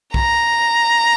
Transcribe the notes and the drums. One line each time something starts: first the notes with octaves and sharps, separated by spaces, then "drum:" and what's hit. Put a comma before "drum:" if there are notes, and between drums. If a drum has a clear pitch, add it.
A#5, drum: kick B1